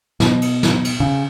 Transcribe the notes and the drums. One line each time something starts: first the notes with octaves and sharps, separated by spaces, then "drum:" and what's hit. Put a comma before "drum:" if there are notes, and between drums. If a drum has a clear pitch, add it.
B2, drum: snare
drum: cymbal
drum: snare
drum: cymbal
C#3